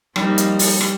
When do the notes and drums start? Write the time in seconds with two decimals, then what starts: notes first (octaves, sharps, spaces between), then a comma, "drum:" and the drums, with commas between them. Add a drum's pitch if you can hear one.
0.16 F3 G3 A#3 D#4, drum: rim click
0.38 drum: hi-hat
0.59 drum: open hi-hat
0.81 drum: rim click